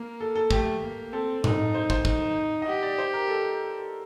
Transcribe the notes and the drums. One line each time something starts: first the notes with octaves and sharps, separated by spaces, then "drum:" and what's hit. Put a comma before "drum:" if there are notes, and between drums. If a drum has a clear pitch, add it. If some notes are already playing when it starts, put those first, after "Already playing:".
Already playing: A#3 A#4
A4
A4
A3 G4, drum: kick
A#3
C4 A4
D#4, drum: tom
C5
C5, drum: kick
D#4, drum: kick
D#5
G4 F#5
D5
C5
A#4
A4